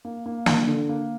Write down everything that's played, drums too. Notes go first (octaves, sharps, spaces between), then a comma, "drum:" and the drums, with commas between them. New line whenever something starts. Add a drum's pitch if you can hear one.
A#3
A#3
D4, drum: snare
D3
A#3